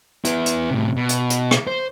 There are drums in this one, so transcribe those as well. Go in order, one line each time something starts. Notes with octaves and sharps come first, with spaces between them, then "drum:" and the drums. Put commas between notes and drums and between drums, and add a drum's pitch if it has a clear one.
B3 E4, drum: hi-hat
drum: hi-hat
A2 C3
B2
drum: hi-hat
drum: hi-hat
drum: rim click
C5